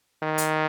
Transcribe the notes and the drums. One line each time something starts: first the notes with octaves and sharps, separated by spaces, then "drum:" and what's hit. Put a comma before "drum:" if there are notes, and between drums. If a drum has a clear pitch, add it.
D#3
drum: hi-hat